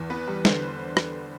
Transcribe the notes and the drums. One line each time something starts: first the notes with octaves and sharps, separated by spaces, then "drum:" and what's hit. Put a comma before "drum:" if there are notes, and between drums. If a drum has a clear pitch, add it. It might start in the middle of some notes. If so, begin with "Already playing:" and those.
Already playing: E2
B3 B4
G3
D3 C5, drum: snare
drum: rim click